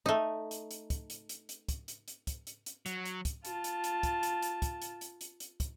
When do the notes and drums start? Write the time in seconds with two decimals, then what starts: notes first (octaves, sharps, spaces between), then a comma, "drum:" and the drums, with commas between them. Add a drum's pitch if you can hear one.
0.06 A3 D#4
0.51 drum: hi-hat
0.71 drum: hi-hat
0.90 drum: kick, hi-hat
1.10 drum: hi-hat
1.29 drum: hi-hat
1.49 drum: hi-hat
1.69 drum: kick, hi-hat
1.88 drum: hi-hat
2.08 drum: hi-hat
2.27 drum: kick, hi-hat
2.47 drum: hi-hat
2.66 drum: hi-hat
2.86 F#3, drum: hi-hat
3.05 drum: hi-hat
3.25 drum: kick, hi-hat
3.45 F4 A5, drum: hi-hat
3.64 drum: hi-hat
3.84 drum: hi-hat
4.03 drum: kick, hi-hat
4.23 drum: hi-hat
4.42 drum: hi-hat
4.62 drum: kick, hi-hat
4.82 drum: hi-hat
5.01 drum: hi-hat
5.21 drum: hi-hat
5.40 drum: hi-hat
5.60 drum: kick, hi-hat